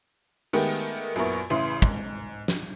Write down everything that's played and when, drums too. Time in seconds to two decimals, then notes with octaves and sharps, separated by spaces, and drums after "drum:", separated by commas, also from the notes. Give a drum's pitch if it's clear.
0.53 D#3 G#3 A3 B3 G4, drum: open hi-hat
1.15 A#1 F#2 B3 E4 A#4 C#6
1.50 A1 C#3 E3 E4 C6
1.82 G#2, drum: kick
2.48 drum: snare